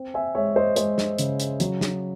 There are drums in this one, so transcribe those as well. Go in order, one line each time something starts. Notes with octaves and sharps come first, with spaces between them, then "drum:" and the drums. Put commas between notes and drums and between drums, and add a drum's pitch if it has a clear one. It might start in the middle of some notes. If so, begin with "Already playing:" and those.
Already playing: C4
E5 G#5
G#3 C#5 E5
C5 D#5
G#3 C5 D#5, drum: hi-hat
drum: snare
C#3, drum: hi-hat
drum: hi-hat
F#3, drum: hi-hat
drum: snare